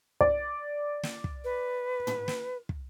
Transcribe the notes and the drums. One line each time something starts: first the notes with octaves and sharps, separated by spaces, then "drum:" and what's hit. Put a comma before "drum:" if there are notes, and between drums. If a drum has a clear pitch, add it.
D5, drum: kick
drum: snare
drum: kick
B4
drum: tom
drum: snare
drum: kick